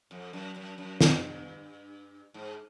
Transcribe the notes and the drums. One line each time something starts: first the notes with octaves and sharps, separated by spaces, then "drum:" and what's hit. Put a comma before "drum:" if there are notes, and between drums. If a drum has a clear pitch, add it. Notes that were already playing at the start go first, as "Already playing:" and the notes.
F2
F#2
F#2
F#2
G2, drum: snare
G#2